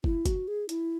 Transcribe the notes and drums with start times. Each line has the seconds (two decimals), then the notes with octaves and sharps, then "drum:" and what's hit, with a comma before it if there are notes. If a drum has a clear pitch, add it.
0.04 E4, drum: kick
0.26 F#4, drum: kick, hi-hat
0.48 G#4
0.69 E4, drum: hi-hat